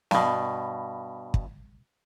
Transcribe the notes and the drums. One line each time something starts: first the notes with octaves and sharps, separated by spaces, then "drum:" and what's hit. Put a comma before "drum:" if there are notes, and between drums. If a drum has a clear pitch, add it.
G2 B2, drum: snare
drum: kick